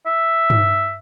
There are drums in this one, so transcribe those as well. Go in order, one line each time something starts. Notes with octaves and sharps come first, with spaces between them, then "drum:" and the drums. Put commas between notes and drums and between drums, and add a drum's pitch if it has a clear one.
E5
drum: tom G2